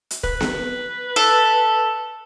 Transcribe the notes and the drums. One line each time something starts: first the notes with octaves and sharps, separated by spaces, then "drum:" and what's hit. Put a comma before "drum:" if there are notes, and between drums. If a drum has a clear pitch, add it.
drum: hi-hat
B4, drum: kick
drum: snare B3
A4